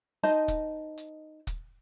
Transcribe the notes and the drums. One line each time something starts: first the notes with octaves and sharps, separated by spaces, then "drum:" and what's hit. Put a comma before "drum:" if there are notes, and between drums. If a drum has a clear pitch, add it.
D#4 C5 D#5 A5
drum: kick, hi-hat
drum: hi-hat
drum: kick, hi-hat